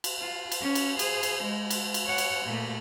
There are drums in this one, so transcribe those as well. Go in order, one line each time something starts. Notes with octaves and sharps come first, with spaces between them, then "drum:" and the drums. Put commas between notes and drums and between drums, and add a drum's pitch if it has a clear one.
drum: cymbal
F4
drum: cymbal
C#4
drum: cymbal
G#4 C5, drum: cymbal
drum: cymbal
G#3
drum: cymbal
drum: cymbal
C#5 F#5
drum: cymbal
A#2 A3